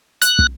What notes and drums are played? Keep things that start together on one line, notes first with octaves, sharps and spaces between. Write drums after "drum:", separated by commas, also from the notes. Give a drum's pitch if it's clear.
F#6, drum: hi-hat
drum: kick